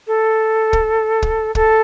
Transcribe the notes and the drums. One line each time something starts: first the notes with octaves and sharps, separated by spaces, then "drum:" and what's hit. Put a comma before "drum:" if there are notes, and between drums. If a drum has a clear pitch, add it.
A4
drum: kick
drum: kick
A4, drum: kick